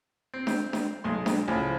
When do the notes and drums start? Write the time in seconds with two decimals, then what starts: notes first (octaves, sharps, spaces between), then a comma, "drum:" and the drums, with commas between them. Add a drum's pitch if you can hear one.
0.34 C4
0.47 drum: snare D4
0.73 drum: snare D4
1.04 B1 G#3 C6
1.26 drum: snare D4
1.48 C#2 A2 F3